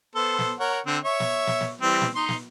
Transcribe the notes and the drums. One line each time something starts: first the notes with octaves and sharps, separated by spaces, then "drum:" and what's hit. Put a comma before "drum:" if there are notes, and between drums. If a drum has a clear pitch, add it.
B3 A4 C5
drum: snare
A#4 C#5 F#5
D3 C4
C#5 E5 C#6
drum: snare
drum: snare
drum: snare
E3 G3 C4
drum: snare
D#4 C6
drum: snare